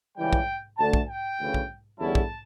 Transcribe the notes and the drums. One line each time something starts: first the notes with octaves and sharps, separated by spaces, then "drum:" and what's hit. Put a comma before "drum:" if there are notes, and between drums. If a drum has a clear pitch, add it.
C#2 C#3 E3 G3 G5
drum: kick
D2 D3 A3 D4 A5
drum: kick
G5
D2 C#3 E3
drum: kick
E2 D3 G3 C#4 E4 A5
drum: kick